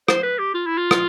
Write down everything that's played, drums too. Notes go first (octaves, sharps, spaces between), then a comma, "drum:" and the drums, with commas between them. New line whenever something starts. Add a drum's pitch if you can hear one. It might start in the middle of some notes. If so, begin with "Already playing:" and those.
C5, drum: rim click
B4
G4
F4
E4
F4
drum: rim click